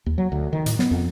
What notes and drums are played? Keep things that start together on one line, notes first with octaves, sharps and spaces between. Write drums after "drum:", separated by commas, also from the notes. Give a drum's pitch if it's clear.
D#2
F#3
D2
D#3
A2, drum: hi-hat
B3, drum: snare
F2